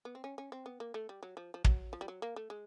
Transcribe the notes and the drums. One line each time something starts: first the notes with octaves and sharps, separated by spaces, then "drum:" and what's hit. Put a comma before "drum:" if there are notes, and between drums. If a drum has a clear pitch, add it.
B3
C4
C#4
C#4
C4
B3
A#3
A3
G3
F#3
F3
F3
F#3, drum: kick
F3
G3
F#3
A#3
A3
G#3